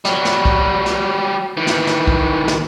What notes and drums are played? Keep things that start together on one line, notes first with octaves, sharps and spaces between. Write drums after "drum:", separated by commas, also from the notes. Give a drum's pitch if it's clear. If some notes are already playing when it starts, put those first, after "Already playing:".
F#3 G3, drum: snare
drum: snare
drum: kick
drum: snare
D#3 E3
drum: snare
drum: snare
drum: kick
drum: snare